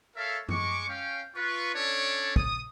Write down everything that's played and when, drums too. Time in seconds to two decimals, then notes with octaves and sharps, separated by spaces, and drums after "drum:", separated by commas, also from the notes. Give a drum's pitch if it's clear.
0.16 A4 A#4 C#5 E5 F5
0.49 G#3 C#6 D6, drum: tom F#2
0.88 C#4 F5 G5
1.35 F4 B4 C#6
1.74 C#4 D4 A4 C#5 D5 A5
2.36 D#6, drum: kick